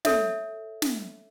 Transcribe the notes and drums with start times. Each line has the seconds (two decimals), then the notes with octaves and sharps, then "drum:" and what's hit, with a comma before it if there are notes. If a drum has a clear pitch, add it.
0.05 A4 C#5 E5, drum: snare
0.82 drum: snare